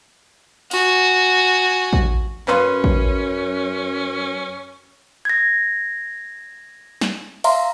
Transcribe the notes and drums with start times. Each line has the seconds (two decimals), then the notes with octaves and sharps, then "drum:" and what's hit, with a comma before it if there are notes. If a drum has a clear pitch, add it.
0.71 F#4 G#5, drum: open hi-hat
1.93 drum: kick
2.48 F#2 C#4 B4 F5 C6, drum: clap
2.84 drum: kick
5.25 G#6 A#6
7.01 drum: snare
7.44 E5 F5 A#5 C6, drum: open hi-hat